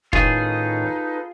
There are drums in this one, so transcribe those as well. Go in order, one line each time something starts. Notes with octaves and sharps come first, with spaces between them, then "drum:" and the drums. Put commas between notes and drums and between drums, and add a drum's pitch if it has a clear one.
A2 D#3 C#4 D#4 F4 G#4 A4 B4, drum: kick